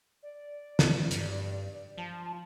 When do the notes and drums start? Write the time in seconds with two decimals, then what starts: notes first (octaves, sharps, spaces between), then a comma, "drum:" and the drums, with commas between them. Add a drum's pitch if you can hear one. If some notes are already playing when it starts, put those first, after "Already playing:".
0.22 D5
0.79 drum: snare
1.11 G2, drum: hi-hat
1.98 F3 A5